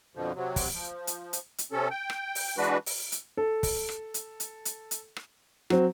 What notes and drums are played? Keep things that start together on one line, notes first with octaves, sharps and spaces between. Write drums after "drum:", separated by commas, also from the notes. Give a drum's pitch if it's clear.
F2 B2 D3 F3
C3 F#3
drum: kick, open hi-hat
F3
drum: hi-hat
drum: hi-hat
drum: hi-hat
C3 C#4 A4
G5
drum: rim click
drum: open hi-hat
E3 G#3 D4 F#4 B4
drum: open hi-hat
drum: hi-hat
A4
drum: kick, open hi-hat
drum: rim click
drum: hi-hat
drum: hi-hat
drum: hi-hat
drum: hi-hat
drum: rim click
F#3 C4, drum: rim click